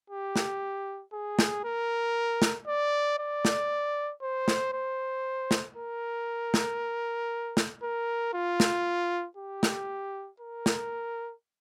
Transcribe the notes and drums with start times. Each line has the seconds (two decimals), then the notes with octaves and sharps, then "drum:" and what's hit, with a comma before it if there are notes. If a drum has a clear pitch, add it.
0.10 G4
0.36 drum: snare
1.13 G#4
1.39 drum: snare
1.64 A#4
2.42 drum: snare
2.67 D5
3.19 D5
3.45 drum: snare
4.22 C5
4.48 drum: snare
4.73 C5
5.51 drum: snare
5.77 A#4
6.54 drum: snare
7.57 drum: snare
7.83 A#4
8.34 F4
8.60 drum: snare
9.37 G4
9.63 drum: snare
10.40 A#4
10.66 drum: snare